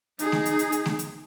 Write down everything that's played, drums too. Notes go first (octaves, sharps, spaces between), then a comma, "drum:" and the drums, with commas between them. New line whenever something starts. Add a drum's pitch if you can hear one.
D#4 G#4, drum: hi-hat
drum: snare A3
drum: hi-hat
drum: hi-hat
drum: hi-hat
drum: snare A3
drum: hi-hat